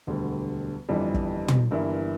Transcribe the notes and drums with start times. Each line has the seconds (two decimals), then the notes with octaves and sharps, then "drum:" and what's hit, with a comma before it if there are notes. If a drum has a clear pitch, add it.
0.07 E1 D2 D3 G3
0.89 G1 F2 E3 G3 D4
1.14 drum: kick
1.48 drum: tom
1.71 G1 G2 E3 A#3 E4